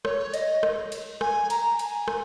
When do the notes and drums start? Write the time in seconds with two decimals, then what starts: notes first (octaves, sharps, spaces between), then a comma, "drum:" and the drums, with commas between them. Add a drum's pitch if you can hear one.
0.05 C#5, drum: rim click
0.34 D#5, drum: cymbal
0.63 drum: rim click
0.92 drum: cymbal
1.21 G#5, drum: rim click
1.50 A#5, drum: cymbal
1.79 G#5, drum: cymbal
2.08 drum: rim click